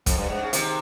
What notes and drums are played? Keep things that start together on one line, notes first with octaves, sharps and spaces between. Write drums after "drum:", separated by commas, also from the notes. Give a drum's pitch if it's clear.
F2, drum: kick, hi-hat
G2
G#2
C#3
C3 D#3, drum: hi-hat